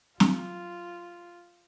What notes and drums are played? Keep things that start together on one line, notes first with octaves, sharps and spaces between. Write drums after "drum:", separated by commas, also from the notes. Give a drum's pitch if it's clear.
F#3 F4, drum: snare